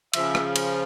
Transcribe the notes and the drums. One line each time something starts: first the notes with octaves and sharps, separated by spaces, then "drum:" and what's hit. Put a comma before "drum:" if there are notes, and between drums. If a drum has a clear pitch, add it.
C#3 F3 E5, drum: cymbal
drum: rim click
drum: cymbal